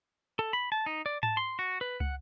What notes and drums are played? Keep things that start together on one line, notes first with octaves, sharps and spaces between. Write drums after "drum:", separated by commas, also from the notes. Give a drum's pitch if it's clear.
A4
B5
A5
D#4
D5
A5, drum: tom G#2
C6
F#4
B4
F#5, drum: kick